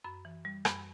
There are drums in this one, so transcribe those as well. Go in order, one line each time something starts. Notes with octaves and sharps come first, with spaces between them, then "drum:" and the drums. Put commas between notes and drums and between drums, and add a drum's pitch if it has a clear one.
F#2 B5
E3
G3
F#2 B5, drum: rim click